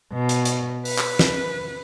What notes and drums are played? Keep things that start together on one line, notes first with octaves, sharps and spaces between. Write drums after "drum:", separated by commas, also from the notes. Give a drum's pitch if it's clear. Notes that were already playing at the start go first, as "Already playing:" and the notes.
B2
drum: hi-hat
drum: hi-hat
B4, drum: open hi-hat
drum: clap
drum: snare